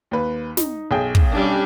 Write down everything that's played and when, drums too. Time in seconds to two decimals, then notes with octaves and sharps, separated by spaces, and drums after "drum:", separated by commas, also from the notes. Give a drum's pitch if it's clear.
0.11 D#2 B4
0.57 D#4, drum: snare
0.91 B1 G#4 G5
1.15 drum: kick
1.33 G3 C#4 D4